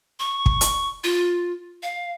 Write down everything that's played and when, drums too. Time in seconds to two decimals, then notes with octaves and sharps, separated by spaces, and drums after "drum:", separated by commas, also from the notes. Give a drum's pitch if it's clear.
0.20 C#6
0.46 drum: kick
0.61 drum: hi-hat
1.04 F4
1.83 F5